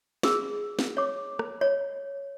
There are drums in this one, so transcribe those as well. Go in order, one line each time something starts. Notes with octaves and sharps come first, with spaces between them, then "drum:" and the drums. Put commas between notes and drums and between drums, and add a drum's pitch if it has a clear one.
G#4 E6, drum: snare
drum: snare
C#5 D6
drum: rim click
C#5